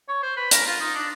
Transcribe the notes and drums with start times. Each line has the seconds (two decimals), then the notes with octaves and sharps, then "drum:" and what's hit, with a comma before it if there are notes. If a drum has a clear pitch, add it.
0.08 C#5
0.23 C5
0.37 B4
0.51 A#4, drum: hi-hat
0.66 F4
0.80 D#4
0.95 D4